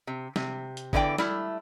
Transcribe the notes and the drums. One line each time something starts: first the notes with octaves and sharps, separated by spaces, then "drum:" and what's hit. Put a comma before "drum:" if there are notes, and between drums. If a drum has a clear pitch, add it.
C3
C3, drum: snare
drum: hi-hat
E2 D3 E3 E4 D5 G5, drum: kick G1
G3 A3 E4, drum: snare